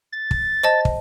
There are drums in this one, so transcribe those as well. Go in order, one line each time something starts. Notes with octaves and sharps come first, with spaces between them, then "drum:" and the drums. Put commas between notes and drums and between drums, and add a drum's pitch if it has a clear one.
A6
drum: kick
C5 D#5 A5
drum: kick